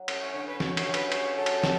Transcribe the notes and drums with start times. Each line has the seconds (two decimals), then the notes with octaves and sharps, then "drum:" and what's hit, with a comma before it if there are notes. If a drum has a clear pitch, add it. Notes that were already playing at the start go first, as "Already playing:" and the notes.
Already playing: F#3 F#4
0.08 C#4, drum: cymbal
0.21 C#5
0.34 D3 C#5
0.47 B4
0.60 F#3 C#5, drum: snare
0.77 C#5, drum: cymbal
0.86 C#4
0.94 B4, drum: cymbal
1.12 G#4 C#5, drum: cymbal
1.37 F#3 A4
1.46 drum: cymbal
1.64 drum: snare